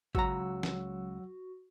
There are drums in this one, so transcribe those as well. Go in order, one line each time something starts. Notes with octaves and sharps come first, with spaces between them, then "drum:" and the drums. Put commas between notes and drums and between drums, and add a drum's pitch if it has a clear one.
C#2 F#3 F#4 F#5 A#5 E6, drum: kick G#1
drum: snare F3